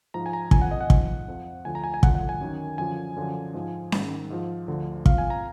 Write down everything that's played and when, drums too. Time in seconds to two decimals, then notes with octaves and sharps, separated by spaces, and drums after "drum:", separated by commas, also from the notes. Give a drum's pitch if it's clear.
0.14 G#2 F3 A#5
0.26 G#5
0.33 A#5
0.51 F2 D3 F3 G#5, drum: kick
0.62 F#5
0.71 D#5
0.81 F#5
0.90 G#2 F3, drum: kick
1.28 F2 F3
1.65 D2 D3 F3 G#5
1.75 A#5
1.84 G#5
1.94 G#5
2.03 D2 D3 F3 F#5, drum: kick
2.15 F#5
2.29 G#5
2.41 F#2 D#3
2.78 F#2 D3 F3 G#5
3.16 F#2 D3 F3
3.54 G#2 F3
3.92 G#2 D#3, drum: snare C#4
4.30 G#2 F3
4.68 D2 D3 F3
5.06 F2 F3 F5, drum: kick
5.18 G#5
5.30 A#5